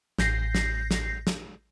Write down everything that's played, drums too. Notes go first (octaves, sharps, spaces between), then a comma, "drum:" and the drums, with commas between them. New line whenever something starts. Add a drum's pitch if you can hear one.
A1 G6 A#6 C7, drum: snare
drum: snare
drum: snare
drum: snare